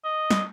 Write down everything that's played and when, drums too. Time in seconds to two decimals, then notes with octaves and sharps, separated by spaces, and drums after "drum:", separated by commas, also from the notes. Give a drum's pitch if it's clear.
0.05 D#5
0.31 drum: snare